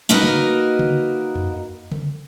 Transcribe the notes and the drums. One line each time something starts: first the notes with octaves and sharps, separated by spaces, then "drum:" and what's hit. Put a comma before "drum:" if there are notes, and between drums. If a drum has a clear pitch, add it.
A#3 D#4 F#4 A#4 B4 D#5
drum: tom C#3
drum: tom C#3
drum: tom F2
drum: tom C#3